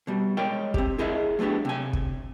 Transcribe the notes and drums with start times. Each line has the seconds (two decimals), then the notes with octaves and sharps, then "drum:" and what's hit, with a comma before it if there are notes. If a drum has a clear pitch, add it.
0.07 B2 G3
0.37 G#3 A#4 C#5 D5 G5
0.74 C4 G4, drum: kick
0.98 E4 G#4 A#4 D#5 E5
1.39 F#3 A3 B3 D4 G4
1.65 C3 G#5
1.93 drum: kick